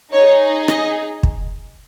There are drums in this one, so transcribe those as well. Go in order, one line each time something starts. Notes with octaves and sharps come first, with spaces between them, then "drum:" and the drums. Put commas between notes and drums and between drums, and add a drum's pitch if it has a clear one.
D#4 G#4 C#5
D#5, drum: rim click
drum: kick